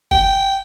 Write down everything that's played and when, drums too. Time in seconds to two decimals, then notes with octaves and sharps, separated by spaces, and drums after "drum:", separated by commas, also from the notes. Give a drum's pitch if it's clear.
0.11 G5, drum: kick